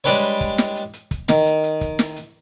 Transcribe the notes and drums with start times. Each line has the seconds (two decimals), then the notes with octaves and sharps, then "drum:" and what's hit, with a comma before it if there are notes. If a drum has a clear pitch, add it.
0.04 G3 G#3 D4 G4 B4 C#5
0.23 drum: hi-hat
0.41 drum: kick, hi-hat
0.58 drum: snare
0.76 drum: hi-hat
0.93 drum: hi-hat
1.11 drum: kick, hi-hat
1.29 D#3, drum: snare
1.46 drum: hi-hat
1.64 drum: hi-hat
1.81 drum: kick, hi-hat
1.99 drum: snare
2.16 drum: hi-hat